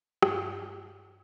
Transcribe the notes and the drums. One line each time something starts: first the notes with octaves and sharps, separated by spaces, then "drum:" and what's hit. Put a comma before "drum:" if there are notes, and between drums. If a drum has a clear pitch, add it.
G2, drum: rim click